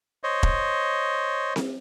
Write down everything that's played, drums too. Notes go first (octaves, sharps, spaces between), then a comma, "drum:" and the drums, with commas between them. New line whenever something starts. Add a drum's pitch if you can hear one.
C5 C#5 D#5
drum: kick E1
drum: snare C4